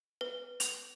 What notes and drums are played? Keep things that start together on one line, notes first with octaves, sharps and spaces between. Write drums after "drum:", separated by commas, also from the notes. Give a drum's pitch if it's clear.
B4
F7, drum: hi-hat